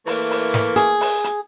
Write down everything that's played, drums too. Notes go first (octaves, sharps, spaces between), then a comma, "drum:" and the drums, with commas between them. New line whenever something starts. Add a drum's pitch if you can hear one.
E3 A3 A#3, drum: open hi-hat
drum: open hi-hat
drum: snare
G#4, drum: hi-hat
drum: open hi-hat
drum: hi-hat